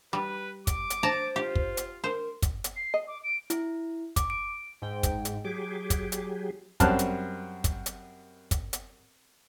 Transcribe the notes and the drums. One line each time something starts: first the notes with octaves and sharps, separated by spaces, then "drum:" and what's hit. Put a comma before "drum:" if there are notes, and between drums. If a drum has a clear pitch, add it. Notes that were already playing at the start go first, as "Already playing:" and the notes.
G3 B4
D6, drum: kick, hi-hat
drum: hi-hat
C5 D5 A5 A#5
F4 G4
drum: kick
drum: hi-hat
A#4 C5
drum: kick, hi-hat
drum: hi-hat
C7
D#5
D6
D7
E4, drum: hi-hat
D6, drum: kick, hi-hat
D7
G#2 G5
drum: kick, hi-hat
drum: hi-hat
F#3 G4 G#4 D6
drum: kick, hi-hat
drum: hi-hat
F#2 G3 C4 A5 F6 F#6, drum: kick, hi-hat
drum: hi-hat
drum: kick, hi-hat
drum: hi-hat
drum: kick, hi-hat
drum: hi-hat